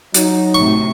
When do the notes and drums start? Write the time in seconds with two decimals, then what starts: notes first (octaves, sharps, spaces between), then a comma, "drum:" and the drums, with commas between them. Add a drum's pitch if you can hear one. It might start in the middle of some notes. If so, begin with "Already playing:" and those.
0.14 F#3 D#4, drum: hi-hat
0.55 A2 C3 C#6